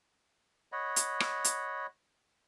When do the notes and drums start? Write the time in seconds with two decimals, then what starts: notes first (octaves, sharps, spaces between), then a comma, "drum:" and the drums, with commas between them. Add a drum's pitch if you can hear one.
0.72 C#5 D#5 F#5 B5
0.96 drum: hi-hat
1.20 drum: rim click
1.44 drum: hi-hat